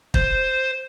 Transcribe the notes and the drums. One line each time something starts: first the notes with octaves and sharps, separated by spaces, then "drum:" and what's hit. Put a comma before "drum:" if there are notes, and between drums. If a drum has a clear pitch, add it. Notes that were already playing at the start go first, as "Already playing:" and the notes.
C5, drum: kick